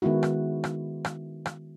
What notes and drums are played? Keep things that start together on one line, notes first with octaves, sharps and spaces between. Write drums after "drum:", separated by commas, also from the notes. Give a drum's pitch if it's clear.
D#3 G#3 B3 E4 F#4
drum: rim click
drum: rim click
drum: rim click
drum: rim click